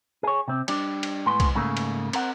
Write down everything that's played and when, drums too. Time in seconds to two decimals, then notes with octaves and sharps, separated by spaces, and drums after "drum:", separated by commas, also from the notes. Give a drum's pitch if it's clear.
0.23 G#4 C#5
0.48 C3 C4
0.68 G3 D4, drum: cymbal
1.03 drum: cymbal
1.26 A2 G#3 B3 C6
1.40 drum: kick B1, cymbal
1.55 G#2 C#3 A3 A#3
1.77 drum: cymbal
2.13 C4 A#4 F#5, drum: cymbal